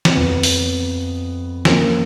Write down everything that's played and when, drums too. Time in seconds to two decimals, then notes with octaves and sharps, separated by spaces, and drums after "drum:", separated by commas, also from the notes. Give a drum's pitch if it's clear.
0.05 drum: snare
0.15 F2 F3 B3
0.43 drum: open hi-hat
1.65 F3 A#3 C#4, drum: snare